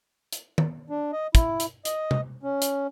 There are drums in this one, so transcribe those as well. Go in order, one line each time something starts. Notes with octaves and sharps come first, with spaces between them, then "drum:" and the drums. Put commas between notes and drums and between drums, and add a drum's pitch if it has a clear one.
drum: hi-hat
drum: tom D#3
D4
D#5
E4, drum: kick, hi-hat
drum: hi-hat
D#5, drum: hi-hat
drum: tom C3
C#4
drum: hi-hat